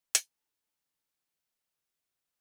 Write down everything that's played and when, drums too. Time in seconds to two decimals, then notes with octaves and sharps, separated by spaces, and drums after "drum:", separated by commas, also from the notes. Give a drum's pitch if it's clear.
0.15 D#3 D4 A5, drum: hi-hat